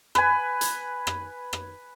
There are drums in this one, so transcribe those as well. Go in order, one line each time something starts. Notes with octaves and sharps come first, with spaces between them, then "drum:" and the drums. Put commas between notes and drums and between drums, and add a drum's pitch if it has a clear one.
B4 G#5, drum: rim click
drum: hi-hat
drum: rim click
drum: rim click